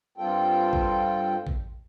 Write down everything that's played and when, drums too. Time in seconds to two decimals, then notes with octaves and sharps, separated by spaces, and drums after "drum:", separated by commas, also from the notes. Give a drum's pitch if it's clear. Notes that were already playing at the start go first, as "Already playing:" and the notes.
0.18 G2 G3 C4 F4 A4 G5
0.73 drum: kick
1.47 drum: kick